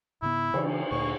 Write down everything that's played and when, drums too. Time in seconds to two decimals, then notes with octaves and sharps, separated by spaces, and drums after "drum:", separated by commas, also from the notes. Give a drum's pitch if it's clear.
0.22 G#2 C#3 B3 E4
0.54 C#3 E3, drum: cymbal
0.91 D2 A#2 C#6